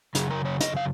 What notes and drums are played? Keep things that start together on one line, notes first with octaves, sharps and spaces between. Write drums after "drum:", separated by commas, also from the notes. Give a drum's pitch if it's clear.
F#2 C#3 G#4, drum: hi-hat
A#4
C#5
D#5, drum: hi-hat
F5